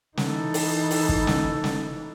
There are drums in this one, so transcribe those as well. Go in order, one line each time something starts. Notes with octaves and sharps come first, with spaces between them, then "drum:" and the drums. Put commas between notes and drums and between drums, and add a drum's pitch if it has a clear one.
E3 D#4 A4, drum: snare
drum: open hi-hat
drum: open hi-hat
drum: kick
drum: snare
drum: snare